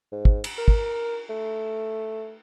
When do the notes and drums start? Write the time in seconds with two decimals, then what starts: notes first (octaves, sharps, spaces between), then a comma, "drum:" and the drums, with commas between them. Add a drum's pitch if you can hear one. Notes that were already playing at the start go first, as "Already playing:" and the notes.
0.12 G#2
0.25 drum: kick
0.44 drum: cymbal
0.58 A#4
0.68 drum: kick
1.29 A3